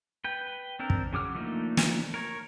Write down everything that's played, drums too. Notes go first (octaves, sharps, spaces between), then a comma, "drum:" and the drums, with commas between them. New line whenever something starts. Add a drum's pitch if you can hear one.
B4 G5
C4 D4 A#4
drum: kick
C#3 F#3 D6 F6
F3 A3 A#3 D4 D#4
drum: snare
A#4 C#5